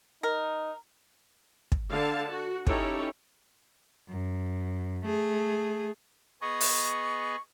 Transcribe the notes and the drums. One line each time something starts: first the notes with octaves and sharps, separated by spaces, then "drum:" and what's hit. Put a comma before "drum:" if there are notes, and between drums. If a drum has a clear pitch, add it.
D#4 A#4
drum: kick
D3 F5 A5
F#4
C#4 D#4 E4 G4 A4 C#5, drum: kick
F#2
A3 G#4
B3 G#4 D#5 C#6
drum: open hi-hat